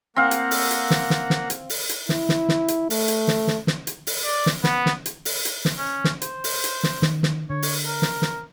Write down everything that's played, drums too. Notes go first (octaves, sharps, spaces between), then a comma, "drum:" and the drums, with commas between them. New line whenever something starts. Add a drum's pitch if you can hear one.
A#3 C4 F5 F#5 A#5
drum: hi-hat
drum: open hi-hat
drum: hi-hat
drum: snare
drum: snare
drum: snare
drum: hi-hat
drum: open hi-hat
drum: hi-hat
E4, drum: snare
drum: snare
drum: snare
drum: hi-hat
A3, drum: open hi-hat
drum: hi-hat
drum: snare
drum: snare
drum: snare
drum: hi-hat
drum: open hi-hat
D5
drum: snare
B3, drum: snare
drum: snare
drum: hi-hat
drum: open hi-hat
drum: hi-hat
drum: snare
C#4
drum: snare
C5, drum: hi-hat
drum: open hi-hat
drum: hi-hat
drum: snare
D#3, drum: snare
drum: snare
D3 C#5
drum: open hi-hat
A#4
drum: snare
drum: snare